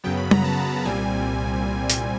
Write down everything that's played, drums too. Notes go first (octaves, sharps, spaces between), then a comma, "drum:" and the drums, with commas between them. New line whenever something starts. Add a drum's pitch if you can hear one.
F#2 C#3 F#3 B3 G5
B5
A#5, drum: tom
A5
C2 A#2 G3 C4 G#5
drum: hi-hat